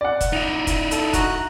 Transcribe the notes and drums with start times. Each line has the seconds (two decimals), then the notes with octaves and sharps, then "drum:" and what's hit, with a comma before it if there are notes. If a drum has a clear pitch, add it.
0.01 D5 F#5
0.21 drum: kick, hi-hat
0.33 D#4 E4
0.67 drum: kick, hi-hat
0.91 A4, drum: hi-hat
1.13 F#4 A#5 F#6, drum: kick, hi-hat